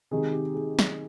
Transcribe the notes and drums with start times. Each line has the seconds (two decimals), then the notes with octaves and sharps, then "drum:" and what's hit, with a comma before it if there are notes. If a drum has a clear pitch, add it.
0.11 C3 D#3 G#3 D#4 G#4
0.33 G4
0.54 G#4
0.79 drum: snare